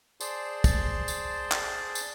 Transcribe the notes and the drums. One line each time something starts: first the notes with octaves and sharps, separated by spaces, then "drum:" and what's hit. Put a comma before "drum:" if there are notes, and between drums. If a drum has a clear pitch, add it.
G#4 C5 D5 A5 C6, drum: tambourine
drum: kick, tambourine
drum: tambourine
drum: clap
drum: tambourine